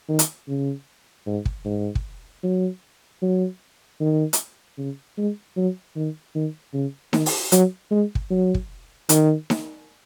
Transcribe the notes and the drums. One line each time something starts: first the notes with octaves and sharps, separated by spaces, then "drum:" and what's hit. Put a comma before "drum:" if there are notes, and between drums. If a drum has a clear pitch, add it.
D#3
drum: hi-hat
C#3
G#2
drum: kick
G#2
drum: kick
F#3
F#3
D#3
drum: hi-hat
C#3
G#3
F#3
D#3
D#3
C#3
D#3, drum: snare D#4
drum: open hi-hat
F#3, drum: hi-hat
G#3
drum: kick
F#3
drum: kick
D#3, drum: hi-hat
drum: snare D#4